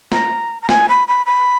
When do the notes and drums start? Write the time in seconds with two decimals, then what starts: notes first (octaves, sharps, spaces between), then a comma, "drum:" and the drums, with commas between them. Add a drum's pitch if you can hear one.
0.12 A#5, drum: snare
0.62 A#5
0.69 G#5, drum: snare
0.88 B5
1.07 B5
1.25 B5